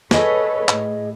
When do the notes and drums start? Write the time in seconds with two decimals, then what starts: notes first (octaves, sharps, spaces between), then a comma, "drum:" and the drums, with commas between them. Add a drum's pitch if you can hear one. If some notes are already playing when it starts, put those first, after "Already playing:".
0.11 G#4 A4 B4 C#5 D#5, drum: snare
0.68 A2, drum: clap